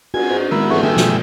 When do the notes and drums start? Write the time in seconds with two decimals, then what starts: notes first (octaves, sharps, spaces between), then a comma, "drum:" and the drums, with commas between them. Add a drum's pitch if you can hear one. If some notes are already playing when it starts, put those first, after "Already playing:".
0.14 F#4 G#5, drum: cymbal
0.30 G#2
0.51 G#1 G#2 B3 E4 A#4
0.70 G#2 E3 F#3 A3 B3 C#4, drum: cymbal
0.83 G#1 G3 G#3 A#3 E5
0.97 B2 F3, drum: snare